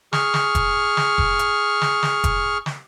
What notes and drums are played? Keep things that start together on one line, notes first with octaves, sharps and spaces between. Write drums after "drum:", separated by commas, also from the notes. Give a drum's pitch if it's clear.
G#4 C#6 F6, drum: snare
drum: snare
drum: kick F1, hi-hat
drum: snare
drum: kick F1
drum: hi-hat
drum: snare
drum: snare
drum: kick F1, hi-hat
drum: snare